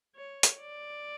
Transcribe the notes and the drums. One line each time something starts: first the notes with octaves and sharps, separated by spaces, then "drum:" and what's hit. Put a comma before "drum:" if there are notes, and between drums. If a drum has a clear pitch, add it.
C#5
drum: hi-hat
D5